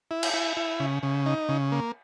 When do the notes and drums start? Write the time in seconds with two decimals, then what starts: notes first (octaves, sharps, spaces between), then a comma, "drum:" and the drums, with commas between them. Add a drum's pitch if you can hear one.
0.11 E4
0.23 drum: cymbal
0.34 E4
0.57 E4
0.80 C#3
1.03 C#3
1.26 D#4
1.49 C#3
1.72 A#3